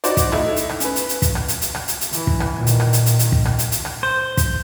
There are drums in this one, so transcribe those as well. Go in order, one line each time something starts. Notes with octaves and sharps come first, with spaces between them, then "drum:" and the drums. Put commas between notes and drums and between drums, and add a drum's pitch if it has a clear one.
D#4 F#4 C5 D5, drum: hi-hat
drum: kick, hi-hat
A3 D#4 E4, drum: rim click
drum: hi-hat
drum: rim click
C#4 B4, drum: hi-hat
drum: hi-hat
drum: hi-hat
drum: kick, hi-hat
drum: rim click
drum: hi-hat
drum: hi-hat
drum: rim click
drum: hi-hat
drum: hi-hat
E3, drum: hi-hat
drum: kick
drum: rim click
A#2 D#3
drum: hi-hat
drum: rim click
drum: hi-hat
drum: hi-hat
drum: hi-hat
drum: kick
drum: rim click
drum: hi-hat
drum: hi-hat
drum: rim click
C5
drum: kick, hi-hat